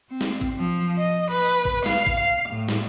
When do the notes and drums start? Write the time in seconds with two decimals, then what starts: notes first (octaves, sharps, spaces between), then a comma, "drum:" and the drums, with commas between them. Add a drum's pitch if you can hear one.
0.11 C4
0.21 drum: snare
0.41 drum: kick
0.59 F3
0.99 D#5
1.31 B4
1.45 drum: tambourine
1.65 drum: kick
1.86 F5, drum: snare
2.07 drum: kick
2.20 F5
2.50 A2
2.69 drum: snare